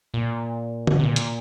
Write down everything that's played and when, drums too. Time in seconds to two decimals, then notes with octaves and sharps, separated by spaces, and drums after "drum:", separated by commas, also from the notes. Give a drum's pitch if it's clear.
0.14 A#2
0.87 drum: tom D3
0.99 C3
1.04 A#2
1.16 drum: hi-hat